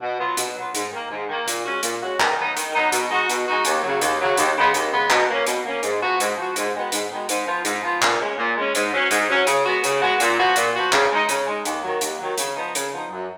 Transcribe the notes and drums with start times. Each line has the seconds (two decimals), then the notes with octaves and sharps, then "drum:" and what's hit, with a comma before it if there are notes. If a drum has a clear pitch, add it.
0.02 B2
0.19 F#3 B3 F4
0.37 B2, drum: hi-hat
0.55 F#3 B3 F4
0.75 G#2, drum: hi-hat
0.92 D#3 A#3
1.11 G#2
1.29 D#3 A#3
1.48 A#2, drum: hi-hat
1.65 G#3 C#4 F#4
1.83 A#2, drum: hi-hat
2.02 G#3 C#4 F#4
2.20 D#3, drum: clap
2.38 F#3 B3 D#4
2.57 D#3, drum: hi-hat
2.74 F#3 B3 D#4
2.92 B2, drum: hi-hat
3.11 G#3 D#4 F#4
3.29 B2, drum: hi-hat
3.48 G#3 D#4 F#4
3.65 D#2, drum: hi-hat
3.83 C#3 F#3
4.01 D#2, drum: hi-hat
4.20 C#3 F#3
4.37 D#2, drum: hi-hat
4.57 C#3 G#3 B3
4.74 D#2, drum: hi-hat
4.92 C#3 G#3 B3
5.10 B2, drum: clap
5.29 A#3 C#4
5.47 B2, drum: hi-hat
5.65 A#3 C#4
5.83 G#2, drum: hi-hat
6.02 F3 B3 F#4
6.20 G#2, drum: hi-hat
6.38 F3 B3 F#4
6.56 G#2, drum: hi-hat
6.74 D#3 G#3 B3 F#4
6.92 G#2, drum: hi-hat
7.11 D#3 G#3 B3 F#4
7.29 G#2, drum: hi-hat
7.47 F3 B3 F4
7.65 G#2, drum: hi-hat
7.83 F3 B3 F4
8.02 A#2, drum: clap
8.19 G#3 C#4
8.38 A#2
8.57 G#3 C#4
8.75 G#2, drum: hi-hat
8.93 F#3 C#4
9.11 G#2, drum: hi-hat
9.29 F#3 C#4
9.47 C#3, drum: hi-hat
9.65 G#3 B3 F#4
9.84 C#3, drum: hi-hat
10.02 G#3 B3 F#4
10.20 A#2, drum: hi-hat
10.38 F3 B3 F#4
10.56 A#2, drum: hi-hat
10.74 F3 B3 F#4
10.93 C#3, drum: clap
11.11 G#3 D#4
11.29 C#3, drum: hi-hat
11.47 G#3 D#4
11.65 D#2, drum: hi-hat
11.83 D#3 F#3
12.01 D#2, drum: hi-hat
12.19 D#3 F#3
12.38 C#3, drum: hi-hat
12.57 F3 B3 D#4
12.75 C#3, drum: hi-hat
12.92 F3 B3 D#4
13.11 F#2